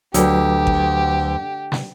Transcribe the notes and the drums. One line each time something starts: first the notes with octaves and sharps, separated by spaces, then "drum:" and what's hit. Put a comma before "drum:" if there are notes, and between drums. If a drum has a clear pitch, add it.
D2 F#3 G4 B4, drum: hi-hat
drum: kick G#1
drum: snare